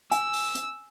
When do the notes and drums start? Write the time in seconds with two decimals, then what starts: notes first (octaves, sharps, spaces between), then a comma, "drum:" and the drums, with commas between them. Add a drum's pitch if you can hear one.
0.11 G#5 E6, drum: hi-hat
0.33 drum: open hi-hat
0.55 drum: hi-hat